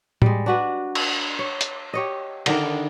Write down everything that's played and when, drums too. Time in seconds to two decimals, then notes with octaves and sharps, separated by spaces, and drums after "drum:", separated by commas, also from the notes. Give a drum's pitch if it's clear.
0.22 G3 G#3, drum: tom A2
0.46 D4 F#4 B4
0.95 drum: cymbal
1.39 C#5
1.61 drum: hi-hat
1.93 G4 C#5 D#5
2.46 D3 D#3 D4, drum: cymbal